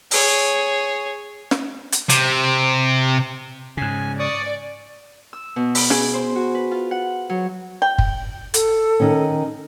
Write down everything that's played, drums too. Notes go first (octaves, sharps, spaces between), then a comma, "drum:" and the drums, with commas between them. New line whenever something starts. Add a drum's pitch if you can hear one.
G#4 C#5, drum: open hi-hat
drum: snare
drum: hi-hat
C3, drum: hi-hat
G#2 C#3 G#5
D5 C#6 D#6
E6
B2
B5, drum: open hi-hat
G#4, drum: snare
C5
F#4
B4
F4
F#5
F#3
G5
drum: kick
A4, drum: hi-hat
D#3 C#4